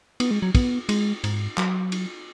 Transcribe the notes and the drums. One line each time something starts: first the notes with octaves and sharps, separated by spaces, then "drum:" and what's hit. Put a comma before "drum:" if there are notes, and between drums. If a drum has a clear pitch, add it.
B3, drum: cymbal
G#3
F#3
B3, drum: kick, cymbal
G#3, drum: cymbal
G#2, drum: cymbal
F#3, drum: clap
drum: cymbal